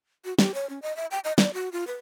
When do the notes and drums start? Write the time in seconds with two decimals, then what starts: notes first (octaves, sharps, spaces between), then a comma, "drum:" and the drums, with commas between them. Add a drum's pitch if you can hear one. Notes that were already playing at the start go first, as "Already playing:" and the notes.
0.25 F#4
0.39 G4, drum: snare
0.54 C#5
0.69 C#4
0.82 D#5
0.96 E5
1.11 G5
1.24 D#5
1.38 D5, drum: snare
1.54 F#4
1.72 F4
1.87 B4